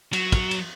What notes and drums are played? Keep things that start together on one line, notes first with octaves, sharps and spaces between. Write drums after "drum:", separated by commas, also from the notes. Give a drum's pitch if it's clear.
F#3, drum: cymbal
drum: kick, cymbal
drum: cymbal